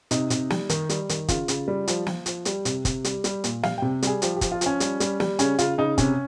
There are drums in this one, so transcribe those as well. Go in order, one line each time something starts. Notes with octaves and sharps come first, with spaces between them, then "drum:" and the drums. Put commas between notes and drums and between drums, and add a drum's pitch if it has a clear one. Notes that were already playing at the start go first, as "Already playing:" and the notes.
C3 D#4, drum: hi-hat
C3, drum: hi-hat
G3, drum: snare
D#3, drum: hi-hat
G3, drum: hi-hat
D#3, drum: hi-hat
C#3 F4, drum: kick, hi-hat
C#3, drum: hi-hat
G3
F3, drum: hi-hat
F3, drum: snare
F3, drum: hi-hat
G3 G4, drum: hi-hat
C3, drum: hi-hat
C3, drum: kick, hi-hat
G3, drum: hi-hat
G3, drum: hi-hat
A#2, drum: hi-hat
G3 F5, drum: snare
C3 G5
G3 G#4, drum: hi-hat
F3 G4, drum: hi-hat
G4
F3, drum: kick, hi-hat
F4
F3 C#4, drum: hi-hat
G3, drum: hi-hat
G3, drum: hi-hat
G3, drum: snare
C#3 C#4, drum: hi-hat
C#3 F4, drum: hi-hat
C#3 D#4
C3 C#4, drum: kick, hi-hat